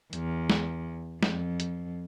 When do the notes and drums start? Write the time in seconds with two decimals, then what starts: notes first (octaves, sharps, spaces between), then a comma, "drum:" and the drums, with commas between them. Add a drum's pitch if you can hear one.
0.13 E2, drum: hi-hat
0.50 drum: snare
1.23 F2, drum: snare
1.60 drum: hi-hat